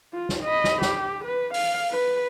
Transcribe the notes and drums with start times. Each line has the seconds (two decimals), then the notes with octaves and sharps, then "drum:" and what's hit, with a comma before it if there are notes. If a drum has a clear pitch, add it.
0.13 F4
0.29 drum: snare
0.43 D#5 B5
0.64 drum: snare
0.82 G4, drum: snare
1.25 B4
1.54 F5, drum: open hi-hat
1.91 B4